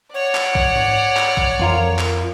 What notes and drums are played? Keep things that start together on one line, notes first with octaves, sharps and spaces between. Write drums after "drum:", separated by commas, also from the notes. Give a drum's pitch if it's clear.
C#5 D5 F#5
drum: clap
drum: kick
drum: tom G#2
drum: clap
drum: kick
F2 F4 A#4, drum: tom D#3
drum: clap